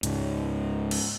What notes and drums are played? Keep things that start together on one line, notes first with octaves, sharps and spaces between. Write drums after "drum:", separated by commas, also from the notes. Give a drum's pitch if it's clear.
C#2 G#2, drum: hi-hat
drum: cymbal